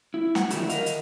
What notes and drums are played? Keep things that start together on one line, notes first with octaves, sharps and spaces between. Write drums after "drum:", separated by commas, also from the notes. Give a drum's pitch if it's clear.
E4
F#5, drum: snare
D3 D#3 F3 A3 E4 G4, drum: hi-hat
A#4 D#5 F5, drum: hi-hat
drum: hi-hat